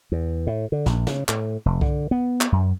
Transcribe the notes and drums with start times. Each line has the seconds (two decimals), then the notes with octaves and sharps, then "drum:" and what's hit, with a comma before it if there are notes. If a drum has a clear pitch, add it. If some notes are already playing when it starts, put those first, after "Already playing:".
0.12 E2
0.47 A2
0.72 D3
0.86 A#1, drum: snare
1.07 C#3, drum: snare
1.29 A2, drum: clap
1.66 F1
1.81 D3, drum: kick C2
2.11 B3
2.41 drum: clap
2.52 F#2